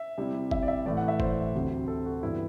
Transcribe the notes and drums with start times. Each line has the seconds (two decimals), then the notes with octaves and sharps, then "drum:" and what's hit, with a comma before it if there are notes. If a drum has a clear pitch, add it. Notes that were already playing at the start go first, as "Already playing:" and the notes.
Already playing: E5
0.18 C3 G3 C4 E4
0.51 E5, drum: kick G1
0.63 D5
0.68 E5
0.85 A2 E3 A3 D5
0.97 F#5
1.08 E5
1.20 C5, drum: kick G1
1.55 D2 C3 F#3
1.88 A4
2.06 F#4
2.23 G2 E3 G3 B3 E4